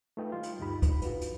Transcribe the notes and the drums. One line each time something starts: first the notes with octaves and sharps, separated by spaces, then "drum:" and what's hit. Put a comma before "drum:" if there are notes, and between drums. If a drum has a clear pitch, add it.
A3 D#4 F4 B4 D#5 G5
G3 F4
drum: hi-hat
D2 G2 D#4 G4 B5
drum: kick, hi-hat
F4 F#4 B4, drum: hi-hat
drum: hi-hat